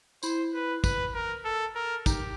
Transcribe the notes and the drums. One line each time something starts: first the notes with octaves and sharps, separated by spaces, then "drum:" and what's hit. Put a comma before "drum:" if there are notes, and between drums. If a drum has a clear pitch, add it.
E4 C5, drum: tambourine
B4
B4, drum: kick, tambourine
A#4
A4
A#4
D#4 G4, drum: kick, tambourine